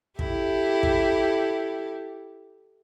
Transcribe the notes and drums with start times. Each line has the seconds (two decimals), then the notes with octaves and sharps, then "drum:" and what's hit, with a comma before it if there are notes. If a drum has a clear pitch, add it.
0.19 E4 G4 A4, drum: kick
0.83 drum: kick